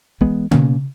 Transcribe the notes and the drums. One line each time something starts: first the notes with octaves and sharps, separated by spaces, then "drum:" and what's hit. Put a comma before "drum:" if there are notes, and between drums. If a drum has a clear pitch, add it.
E3 G#3 B3, drum: kick
B2 A#3 C#4, drum: tom C#3